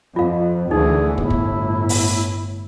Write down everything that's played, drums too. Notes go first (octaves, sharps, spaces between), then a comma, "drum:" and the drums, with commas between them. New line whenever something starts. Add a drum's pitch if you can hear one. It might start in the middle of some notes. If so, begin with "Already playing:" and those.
F2 F4 F5
D2 D3 E3 D#4 G#4
G1 A2 E4, drum: kick
drum: kick
drum: open hi-hat